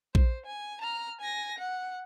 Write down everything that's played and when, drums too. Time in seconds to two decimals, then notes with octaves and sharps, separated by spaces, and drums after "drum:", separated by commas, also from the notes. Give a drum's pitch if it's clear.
0.15 C5, drum: kick A#1
0.46 G#5
0.81 A#5 F6
1.20 G#5 A#6
1.58 F#5